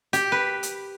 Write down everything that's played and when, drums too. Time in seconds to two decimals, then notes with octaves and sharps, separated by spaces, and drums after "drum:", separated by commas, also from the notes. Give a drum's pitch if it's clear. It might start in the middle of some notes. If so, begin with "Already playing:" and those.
0.13 G4, drum: hi-hat
0.32 B4
0.63 drum: hi-hat